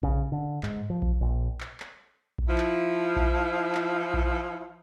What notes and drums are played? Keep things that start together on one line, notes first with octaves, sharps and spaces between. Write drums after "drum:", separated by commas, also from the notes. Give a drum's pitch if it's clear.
C#3, drum: kick A#1
D3
G#2, drum: clap
F3
drum: kick A#1
A#1
drum: clap
drum: clap
drum: kick A#1
F3 E4
drum: clap
drum: kick A#1
drum: clap
drum: kick A#1